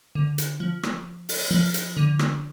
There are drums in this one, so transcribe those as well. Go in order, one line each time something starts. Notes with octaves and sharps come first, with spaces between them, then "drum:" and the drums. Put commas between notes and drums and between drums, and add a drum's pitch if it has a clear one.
D3
drum: hi-hat
F3
drum: rim click
drum: open hi-hat
F3
drum: hi-hat
D3
drum: rim click